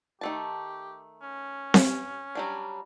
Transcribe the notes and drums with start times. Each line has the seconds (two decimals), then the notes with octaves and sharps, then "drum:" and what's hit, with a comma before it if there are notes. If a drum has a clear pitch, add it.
0.21 D#3 A3 G4 A5
1.22 C#4
1.74 drum: snare C4
2.35 F#3 G3 D4